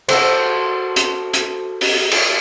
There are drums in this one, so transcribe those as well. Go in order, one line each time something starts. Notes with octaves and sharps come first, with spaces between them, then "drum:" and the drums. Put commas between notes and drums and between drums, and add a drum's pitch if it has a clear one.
F#4 A4 C5, drum: cymbal
drum: hi-hat
drum: hi-hat
drum: open hi-hat
drum: cymbal